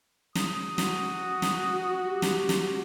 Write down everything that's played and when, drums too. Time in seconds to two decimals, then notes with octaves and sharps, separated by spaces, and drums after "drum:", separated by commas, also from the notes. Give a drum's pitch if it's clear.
0.35 D#6, drum: snare
0.78 F#4, drum: snare
1.42 drum: snare
2.05 G4
2.22 drum: snare
2.49 drum: snare